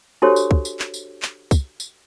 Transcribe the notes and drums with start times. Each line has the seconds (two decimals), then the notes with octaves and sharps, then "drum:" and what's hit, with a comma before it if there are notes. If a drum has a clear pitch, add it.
0.22 D4 F#4 G4 A4 C5 C#5
0.36 drum: tambourine
0.51 drum: kick
0.65 drum: tambourine
0.79 drum: clap
0.94 drum: tambourine
1.22 drum: clap
1.51 drum: kick, tambourine
1.80 drum: tambourine